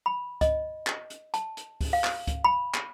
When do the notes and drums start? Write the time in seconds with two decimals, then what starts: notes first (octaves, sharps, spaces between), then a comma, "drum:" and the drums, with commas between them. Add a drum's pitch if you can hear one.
0.06 B5
0.41 D#5, drum: kick C#2, hi-hat
0.87 drum: clap
1.10 drum: hi-hat
1.34 A5, drum: hi-hat
1.57 drum: hi-hat
1.81 drum: kick C#2, open hi-hat
1.93 F5
2.04 drum: clap
2.27 drum: kick C#2, hi-hat
2.44 B5
2.74 drum: clap